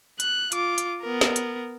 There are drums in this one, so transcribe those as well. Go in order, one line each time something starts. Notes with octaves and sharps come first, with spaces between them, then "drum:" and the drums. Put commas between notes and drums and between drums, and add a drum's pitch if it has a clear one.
F#6, drum: hi-hat
F4 D6, drum: hi-hat
drum: hi-hat
B3 A#4
drum: snare
drum: hi-hat